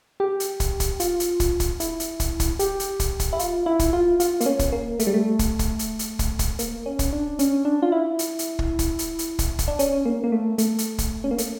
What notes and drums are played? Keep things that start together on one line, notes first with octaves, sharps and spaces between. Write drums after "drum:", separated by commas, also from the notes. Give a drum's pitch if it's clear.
G4
drum: hi-hat
drum: kick, hi-hat
drum: kick, hi-hat
F4, drum: hi-hat
drum: hi-hat
drum: kick, hi-hat
drum: kick, hi-hat
E4, drum: hi-hat
drum: hi-hat
drum: kick, hi-hat
drum: kick, hi-hat
G4, drum: hi-hat
drum: hi-hat
drum: kick, hi-hat
drum: kick, hi-hat
E4
F4, drum: hi-hat
E4
drum: kick, hi-hat
F4
F4, drum: hi-hat
A#3, drum: hi-hat
C#4
drum: kick, hi-hat
A#3
A3, drum: hi-hat
G3
A3
drum: kick, hi-hat
drum: kick, hi-hat
drum: hi-hat
drum: hi-hat
drum: kick, hi-hat
drum: kick, hi-hat
A#3, drum: hi-hat
C#4
drum: kick, hi-hat
D4
C#4, drum: hi-hat
D4
F4
E4
drum: hi-hat
drum: hi-hat
drum: kick
drum: kick, hi-hat
drum: hi-hat
drum: hi-hat
drum: kick, hi-hat
drum: kick, hi-hat
D4
C#4, drum: hi-hat
A#3
A#3
A3
A3, drum: hi-hat
drum: hi-hat
drum: kick, hi-hat
C#4
A#3
A3, drum: hi-hat